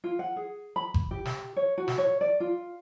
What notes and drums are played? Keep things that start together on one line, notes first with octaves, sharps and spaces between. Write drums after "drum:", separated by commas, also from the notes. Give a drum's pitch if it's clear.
F4
F#5
G#4
B5
drum: kick G1
G4
drum: snare
C#5
F#4
drum: snare
C#5
D5
F4